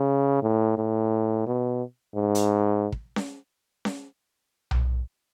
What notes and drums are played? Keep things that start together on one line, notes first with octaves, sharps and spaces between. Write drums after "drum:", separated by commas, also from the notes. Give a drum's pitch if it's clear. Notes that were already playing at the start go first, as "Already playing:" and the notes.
Already playing: C#3
A2
A2
B2
G#2
drum: hi-hat
drum: kick
drum: snare C#4
drum: snare C#4
drum: tom B1